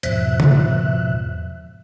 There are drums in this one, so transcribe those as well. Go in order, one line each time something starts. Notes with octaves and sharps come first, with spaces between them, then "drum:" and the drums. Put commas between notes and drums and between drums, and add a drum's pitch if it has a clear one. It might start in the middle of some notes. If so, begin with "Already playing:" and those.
E2 G#2 B2 F3 E5 F#6, drum: hi-hat
drum: tom C#3